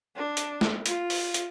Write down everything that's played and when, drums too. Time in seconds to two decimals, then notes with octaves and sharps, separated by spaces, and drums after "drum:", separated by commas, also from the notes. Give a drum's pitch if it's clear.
0.16 D4
0.37 drum: hi-hat
0.61 drum: snare
0.86 F4, drum: hi-hat
1.10 drum: open hi-hat
1.34 drum: hi-hat